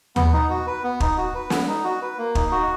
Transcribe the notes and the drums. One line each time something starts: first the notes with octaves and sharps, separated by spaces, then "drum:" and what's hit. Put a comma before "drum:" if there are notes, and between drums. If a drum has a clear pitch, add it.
B3, drum: tom D#2
D#4
F#4
B4
B3
D#4, drum: kick
F#4
B4
B3, drum: snare
D#4
F#4
B4
A#3
D#4, drum: kick
F#4